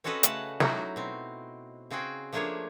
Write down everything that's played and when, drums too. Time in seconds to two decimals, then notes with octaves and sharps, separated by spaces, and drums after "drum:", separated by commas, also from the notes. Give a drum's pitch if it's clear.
0.04 C4 C#4 F#4 A4 B4 D#5
0.23 C#3 A3 B4 F#5 A5, drum: hi-hat
0.60 F#3 D#4 E4 F#4, drum: snare
0.96 B2 C4
1.91 C#3 C4 F#4 G#4 G5
2.33 F3 A3 A#3 D4 G#4 C#5